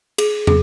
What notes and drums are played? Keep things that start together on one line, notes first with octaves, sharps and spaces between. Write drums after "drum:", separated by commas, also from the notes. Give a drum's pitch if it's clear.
G#4, drum: cymbal
G#4, drum: tom